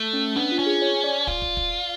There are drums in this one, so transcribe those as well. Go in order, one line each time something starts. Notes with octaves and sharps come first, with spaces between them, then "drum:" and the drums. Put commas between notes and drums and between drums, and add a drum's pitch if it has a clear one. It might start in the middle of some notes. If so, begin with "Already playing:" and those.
Already playing: A3
C#4
B3 D4
F4
C#4
G#4
C#5
D5
F4, drum: kick
drum: kick
drum: kick